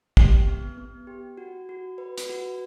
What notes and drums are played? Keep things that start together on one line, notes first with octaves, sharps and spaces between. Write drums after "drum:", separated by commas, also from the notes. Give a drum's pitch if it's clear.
G4, drum: kick
B3
B3
G4
F#4
F#4
B4
drum: hi-hat
F#4